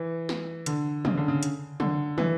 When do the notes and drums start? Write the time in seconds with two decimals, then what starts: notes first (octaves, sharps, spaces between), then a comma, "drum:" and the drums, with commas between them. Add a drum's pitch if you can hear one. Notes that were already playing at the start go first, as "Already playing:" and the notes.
Already playing: E3
0.29 drum: snare
0.66 D3, drum: hi-hat
1.05 C#3, drum: tom
1.17 D3
1.28 C#3
1.43 drum: hi-hat
1.80 D3, drum: tom
2.18 E3, drum: tom